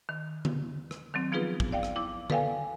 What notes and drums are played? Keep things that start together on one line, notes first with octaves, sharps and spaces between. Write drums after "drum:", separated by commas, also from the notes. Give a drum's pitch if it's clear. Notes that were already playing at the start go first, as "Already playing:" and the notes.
D#3
drum: tom D3
drum: rim click
D#3 F#3 C4
F3 B3 D#4 F4 G#4 B4
drum: kick
D5 F5 G5
drum: rim click
E4 D6
A4 B4 D5 F5 G5 G#5, drum: tom D3